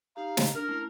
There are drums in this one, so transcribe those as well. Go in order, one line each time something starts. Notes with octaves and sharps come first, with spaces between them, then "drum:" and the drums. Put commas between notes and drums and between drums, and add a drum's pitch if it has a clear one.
D#4 G4 F5 A#5
drum: snare
D4 A#4
A3 C#4 E4